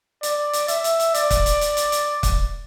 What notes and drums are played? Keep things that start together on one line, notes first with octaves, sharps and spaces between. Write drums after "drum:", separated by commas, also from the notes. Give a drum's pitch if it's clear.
D5, drum: hi-hat
drum: hi-hat
E5, drum: hi-hat
drum: hi-hat
drum: hi-hat
D5, drum: hi-hat
drum: kick, hi-hat
drum: hi-hat
drum: hi-hat
drum: hi-hat
drum: hi-hat
drum: kick, hi-hat